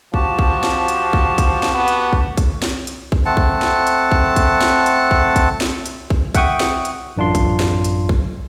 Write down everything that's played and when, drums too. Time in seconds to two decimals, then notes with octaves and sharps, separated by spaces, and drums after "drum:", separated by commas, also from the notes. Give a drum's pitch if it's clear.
0.14 F3 F#4 G4 A5, drum: kick A#1
0.39 drum: kick A#1
0.63 drum: snare
0.88 drum: hi-hat
1.13 drum: kick A#1
1.38 drum: kick A#1, hi-hat
1.63 drum: snare
1.74 B3
1.88 drum: hi-hat
2.13 drum: kick A#1
2.37 drum: kick A#1, hi-hat
2.62 drum: snare
2.87 drum: hi-hat
3.12 drum: kick A#1
3.25 A3 C4 F#5 A5
3.37 drum: kick A#1
3.62 drum: snare
3.87 drum: hi-hat
4.12 drum: kick A#1
4.36 drum: kick A#1, hi-hat
4.61 drum: snare
4.86 drum: hi-hat
5.11 drum: kick A#1
5.36 drum: kick A#1, hi-hat
5.61 drum: snare
5.86 drum: hi-hat
6.10 drum: kick A#1
6.35 E5 F#5 G5 C#6 D#6, drum: kick A#1, hi-hat
6.60 drum: snare
6.85 drum: hi-hat
7.17 A1 F#2 D4 F4 C6
7.35 drum: kick A#1, hi-hat
7.60 drum: snare
7.84 drum: hi-hat
8.09 drum: kick A#1